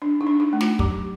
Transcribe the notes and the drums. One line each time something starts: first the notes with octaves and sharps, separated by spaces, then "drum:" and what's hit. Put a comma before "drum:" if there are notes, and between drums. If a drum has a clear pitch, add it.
D4
D#4
D4
D#4
A3
F4, drum: snare
F#3 G4, drum: kick